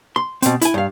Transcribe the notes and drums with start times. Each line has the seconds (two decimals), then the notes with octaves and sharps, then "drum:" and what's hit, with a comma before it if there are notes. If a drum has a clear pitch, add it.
0.16 C6
0.42 B2 C4, drum: hi-hat
0.62 E4 G#5, drum: hi-hat
0.74 G2 F5